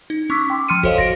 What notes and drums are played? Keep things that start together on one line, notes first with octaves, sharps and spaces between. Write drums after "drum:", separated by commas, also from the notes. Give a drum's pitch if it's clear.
D#4
C#4 C#6 D6 E6 B6
G5 C6 D6
F3 C6 F6 C#7 D#7, drum: hi-hat
F#4 A4 C5 C#5 D#5 F5, drum: kick
A#6 D7, drum: kick, hi-hat